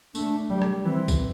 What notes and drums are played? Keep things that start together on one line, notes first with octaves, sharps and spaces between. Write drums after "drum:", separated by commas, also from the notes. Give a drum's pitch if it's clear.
A3 D4, drum: tambourine
G3
drum: rim click
E3 C4
drum: kick B1, tambourine